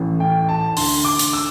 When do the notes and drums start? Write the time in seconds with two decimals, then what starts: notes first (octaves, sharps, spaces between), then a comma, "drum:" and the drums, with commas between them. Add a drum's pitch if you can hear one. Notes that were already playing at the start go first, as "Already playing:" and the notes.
Already playing: A1 A2 E3
0.20 G5
0.49 A5
0.77 D2 D3 C6, drum: open hi-hat
1.05 D6
1.19 drum: hi-hat
1.33 E6